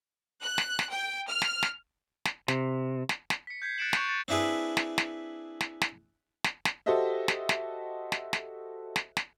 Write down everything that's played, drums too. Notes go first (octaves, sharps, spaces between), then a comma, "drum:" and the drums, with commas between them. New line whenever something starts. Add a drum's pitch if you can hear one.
F#6
drum: snare
drum: snare
G5
F6
drum: snare
drum: snare
drum: snare
C3, drum: snare
drum: snare
drum: snare
B6 C#7
G6 G#6 B6 C7
F#6 A6 C#7 D7 E7 F#7
C#6 G6 F7, drum: snare
G6 A6 C#7
C4 D4 E4 G#4 B4
drum: snare
drum: snare
drum: snare
drum: snare
drum: snare
drum: snare
F#4 G4 A4 C5 D#5 E5
drum: snare
drum: snare
drum: snare
drum: snare
drum: snare
drum: snare